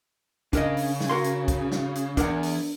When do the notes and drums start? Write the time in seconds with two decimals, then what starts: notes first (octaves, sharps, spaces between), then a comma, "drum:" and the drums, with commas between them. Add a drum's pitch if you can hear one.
0.53 C#3 D4 A#4 D#5, drum: kick, hi-hat
0.77 drum: open hi-hat
1.01 drum: snare
1.10 F#4 A#4 C6
1.24 drum: hi-hat
1.48 drum: kick, hi-hat
1.72 drum: snare
1.95 drum: hi-hat
2.17 E2 D4 A#4 F#5, drum: kick, hi-hat
2.43 drum: open hi-hat